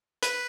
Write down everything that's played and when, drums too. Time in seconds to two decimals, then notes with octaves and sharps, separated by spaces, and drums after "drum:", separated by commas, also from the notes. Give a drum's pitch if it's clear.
0.23 B4, drum: hi-hat